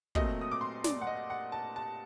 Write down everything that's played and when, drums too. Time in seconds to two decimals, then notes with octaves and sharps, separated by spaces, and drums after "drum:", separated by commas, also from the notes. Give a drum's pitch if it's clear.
0.15 A#2 F#3 A3 C4 D#5, drum: kick
0.41 D#6
0.51 D6
0.61 C6
0.84 D5, drum: snare
1.01 F#5
1.07 D#5
1.30 F#5
1.52 A5
1.76 A5